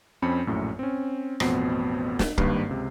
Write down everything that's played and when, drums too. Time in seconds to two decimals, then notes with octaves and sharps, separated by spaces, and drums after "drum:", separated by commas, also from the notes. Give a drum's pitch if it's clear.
0.22 F2 C4 C#4 B5 C#7
0.47 A#1 F#2 A2
0.79 C4 C#4
1.40 A1 F2 B2 B3 C4 C7, drum: rim click
2.19 drum: snare
2.38 G#1 G2 D#3 A#3 B4 C7, drum: kick
2.69 C#2 C3